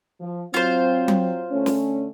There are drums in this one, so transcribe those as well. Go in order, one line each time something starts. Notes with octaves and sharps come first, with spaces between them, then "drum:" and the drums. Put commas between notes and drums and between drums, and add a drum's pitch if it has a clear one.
F3
F#3 C4 F4 C5
drum: tom F#3
D3 A3 C#4
drum: snare